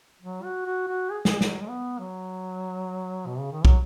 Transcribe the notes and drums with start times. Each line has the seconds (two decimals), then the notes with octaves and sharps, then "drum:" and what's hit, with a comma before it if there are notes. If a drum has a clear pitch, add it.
0.22 F#3
0.43 F#4
0.66 F#4
0.88 F#4
1.10 G#4
1.25 G#4, drum: snare
1.41 F#3, drum: snare
1.62 G#3
1.69 B3
1.99 F#3
3.26 B2
3.39 C#3
3.52 D#3
3.65 F#3, drum: kick